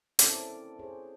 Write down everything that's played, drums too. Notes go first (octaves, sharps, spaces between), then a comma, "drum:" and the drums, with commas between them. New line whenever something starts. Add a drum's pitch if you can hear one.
C4 C#4 E4 A4 A#4 D5, drum: hi-hat
G#4 C5 C#5